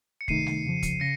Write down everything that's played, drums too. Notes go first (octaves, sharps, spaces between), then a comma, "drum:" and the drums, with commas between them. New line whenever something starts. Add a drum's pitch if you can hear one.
C#7
C#2 C3 D#3 A3 D#4 C7 D#7, drum: kick
drum: snare G3
F2 C#3 F3
drum: kick, hi-hat
C#3 A#6 C#7